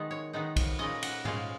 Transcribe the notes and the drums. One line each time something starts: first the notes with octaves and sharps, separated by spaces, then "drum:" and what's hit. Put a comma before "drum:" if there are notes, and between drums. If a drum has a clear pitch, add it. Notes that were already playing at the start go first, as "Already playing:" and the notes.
Already playing: D#3 G#3 B3 D#4
C#5
D#3 G#3 B3 D#4
drum: kick B1, cymbal
A#2 G#3 C#4 D#5
F#5, drum: cymbal
A#2 G#3 C#4 F5, drum: tom G#2